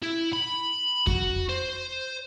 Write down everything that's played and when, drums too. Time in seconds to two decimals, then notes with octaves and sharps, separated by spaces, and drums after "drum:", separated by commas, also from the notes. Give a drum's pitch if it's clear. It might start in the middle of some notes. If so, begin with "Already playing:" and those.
0.03 E4
0.33 B5
1.07 F#4, drum: kick F2
1.49 C5